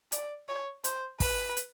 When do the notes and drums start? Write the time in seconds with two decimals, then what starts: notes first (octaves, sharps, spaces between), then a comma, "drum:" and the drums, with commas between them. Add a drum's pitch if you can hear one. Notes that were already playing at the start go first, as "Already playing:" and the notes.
0.12 D5, drum: hi-hat
0.49 C#5
0.84 C5, drum: hi-hat
1.20 B4, drum: kick, open hi-hat
1.57 drum: hi-hat